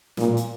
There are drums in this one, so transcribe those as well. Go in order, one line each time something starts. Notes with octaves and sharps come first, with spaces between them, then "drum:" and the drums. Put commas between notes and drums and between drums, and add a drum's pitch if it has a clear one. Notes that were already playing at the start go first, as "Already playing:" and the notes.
A#2, drum: snare
drum: hi-hat